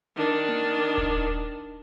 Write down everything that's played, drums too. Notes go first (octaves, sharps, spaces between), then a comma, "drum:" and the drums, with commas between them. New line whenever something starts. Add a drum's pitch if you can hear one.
D#3 D4
drum: tom A#3
drum: kick D#1